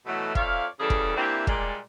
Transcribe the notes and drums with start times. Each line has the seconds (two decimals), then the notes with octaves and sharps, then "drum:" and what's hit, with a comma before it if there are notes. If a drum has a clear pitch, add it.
0.07 B2 E3 F#3 A3
0.35 F2 C#5 D5 E5 F5, drum: kick
0.80 C#3 E3 G3 G#4 A4
0.90 drum: kick
1.16 E3 A#3 C4 D4 E4 G4
1.47 A#2 G3 G#3, drum: kick